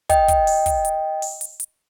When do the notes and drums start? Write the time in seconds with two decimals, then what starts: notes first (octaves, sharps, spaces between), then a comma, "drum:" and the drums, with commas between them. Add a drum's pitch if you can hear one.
0.10 D#5 G5, drum: kick, hi-hat
0.28 drum: kick, hi-hat
0.47 drum: open hi-hat
0.66 drum: kick, hi-hat
0.85 drum: hi-hat
1.22 drum: open hi-hat
1.41 drum: hi-hat
1.60 drum: hi-hat